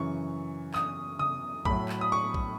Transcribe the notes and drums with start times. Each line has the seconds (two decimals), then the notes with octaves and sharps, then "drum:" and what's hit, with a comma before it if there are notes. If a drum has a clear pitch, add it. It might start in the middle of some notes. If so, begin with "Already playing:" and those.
Already playing: F#2 C#3 E3 C#6
0.74 D#6, drum: clap
1.19 D#6, drum: tom C3
1.65 A2 F#3 A3 B5, drum: kick A#1
1.89 drum: clap
2.01 D#6
2.12 C#6
2.34 drum: kick A#1